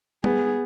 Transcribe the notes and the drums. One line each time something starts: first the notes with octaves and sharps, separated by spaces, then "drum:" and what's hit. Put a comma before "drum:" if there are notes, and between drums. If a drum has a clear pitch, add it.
B3 G#4, drum: tom